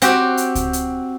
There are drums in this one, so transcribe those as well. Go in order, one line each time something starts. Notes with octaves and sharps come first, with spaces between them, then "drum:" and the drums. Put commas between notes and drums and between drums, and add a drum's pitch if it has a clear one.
C4 F#4 G4, drum: hi-hat
drum: hi-hat
drum: kick C#2, hi-hat
drum: hi-hat